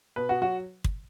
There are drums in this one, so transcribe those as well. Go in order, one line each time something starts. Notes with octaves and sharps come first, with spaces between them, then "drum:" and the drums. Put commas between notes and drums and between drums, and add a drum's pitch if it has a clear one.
B2 B4
F#4
F#3 F#4
drum: kick